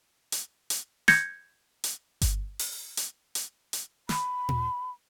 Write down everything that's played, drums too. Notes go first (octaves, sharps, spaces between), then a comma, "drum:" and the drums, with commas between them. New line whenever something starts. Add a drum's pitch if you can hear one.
drum: hi-hat
drum: hi-hat
G6 G#6 A#6 C#7, drum: snare
drum: hi-hat
drum: kick G1, hi-hat
drum: open hi-hat
drum: hi-hat
drum: hi-hat
drum: hi-hat
B5, drum: snare
drum: tom A#2